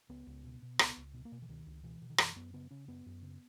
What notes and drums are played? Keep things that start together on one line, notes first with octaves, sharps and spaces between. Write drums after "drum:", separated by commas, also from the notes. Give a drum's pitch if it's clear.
C#2 B3
C#2
B2
B2
C#2 B3, drum: rim click
C#2
B2
A#3
B2
E3
C#2 D#3
C#2
B2 E3
B2
D#3
F#2 E3, drum: rim click
F#2 B3
C#3 B3
C#3 C#4
F#2 B3
F#2
C#3